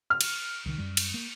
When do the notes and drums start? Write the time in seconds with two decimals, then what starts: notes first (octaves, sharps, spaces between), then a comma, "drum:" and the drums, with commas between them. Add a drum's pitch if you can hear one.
0.10 F6
0.21 drum: cymbal
0.66 C2 D#3
0.78 F#2 G3
0.97 drum: cymbal
1.14 A#3